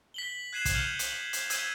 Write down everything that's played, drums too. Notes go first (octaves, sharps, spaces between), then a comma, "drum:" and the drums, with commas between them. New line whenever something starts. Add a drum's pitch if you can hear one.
B6 F#7 G7
F#6 G#6 C7 D#7 E7 F#7
drum: kick, hi-hat
F6 G6 C#7 D#7 F7 F#7
drum: hi-hat
F#7
drum: hi-hat
E6 G#6 B6 D#7 F#7, drum: hi-hat